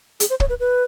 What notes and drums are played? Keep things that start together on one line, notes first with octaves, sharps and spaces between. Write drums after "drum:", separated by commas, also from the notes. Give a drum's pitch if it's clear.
G#4, drum: hi-hat
C5
C#5, drum: kick
B4
B4